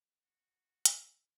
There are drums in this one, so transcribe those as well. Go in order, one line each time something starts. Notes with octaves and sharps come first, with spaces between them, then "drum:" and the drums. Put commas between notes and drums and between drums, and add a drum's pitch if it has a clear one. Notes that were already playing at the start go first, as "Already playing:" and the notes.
F#4
drum: hi-hat